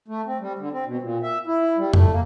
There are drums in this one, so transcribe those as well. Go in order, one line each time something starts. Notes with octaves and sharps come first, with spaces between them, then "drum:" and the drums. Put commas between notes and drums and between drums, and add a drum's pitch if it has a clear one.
A3
C4
G3
D3
C4
B2
A#2
E5
E4
G3
A3, drum: tom F2
A#3